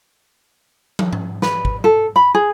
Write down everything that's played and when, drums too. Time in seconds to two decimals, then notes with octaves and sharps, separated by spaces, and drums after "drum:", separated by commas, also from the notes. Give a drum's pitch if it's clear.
0.99 drum: tom
1.13 drum: tom G#2
1.42 B4, drum: snare
1.65 drum: kick
1.84 A4
2.16 B5
2.35 G#4